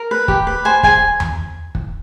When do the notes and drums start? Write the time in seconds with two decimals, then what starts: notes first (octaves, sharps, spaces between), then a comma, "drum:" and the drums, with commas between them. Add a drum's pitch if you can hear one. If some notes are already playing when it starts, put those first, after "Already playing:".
Already playing: A#4
0.11 B4
0.28 G4, drum: kick
0.47 B4
0.65 C5 G#5
0.83 G#4 G#5, drum: kick
1.20 drum: tom E2
1.75 drum: kick